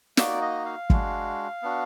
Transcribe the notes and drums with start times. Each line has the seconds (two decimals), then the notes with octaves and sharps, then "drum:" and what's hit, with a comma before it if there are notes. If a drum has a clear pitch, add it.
0.17 A#3 D#4 F#4 D5, drum: snare
0.42 D#5
0.66 F5
0.90 G#3 D4 F#4, drum: kick
1.62 B3 D4 F#4